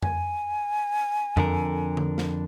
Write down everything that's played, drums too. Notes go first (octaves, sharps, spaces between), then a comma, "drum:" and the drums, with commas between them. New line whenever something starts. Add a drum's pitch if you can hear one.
G#5, drum: tom F2
F2 D3 A#4, drum: tom F2
drum: tom D3
drum: snare